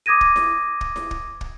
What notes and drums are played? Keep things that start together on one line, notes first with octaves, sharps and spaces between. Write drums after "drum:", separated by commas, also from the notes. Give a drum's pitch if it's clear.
D6 D#6 G#6 A#6 D#7
drum: kick
drum: snare E4
drum: kick
drum: snare E4
drum: kick
drum: kick